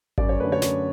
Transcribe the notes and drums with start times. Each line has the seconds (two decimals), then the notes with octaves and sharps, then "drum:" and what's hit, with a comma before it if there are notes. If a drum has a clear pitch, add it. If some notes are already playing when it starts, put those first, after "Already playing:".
0.18 F#2 D5, drum: kick G#1
0.29 C#5
0.40 D3 A3 B4
0.52 C#5
0.62 F#2, drum: snare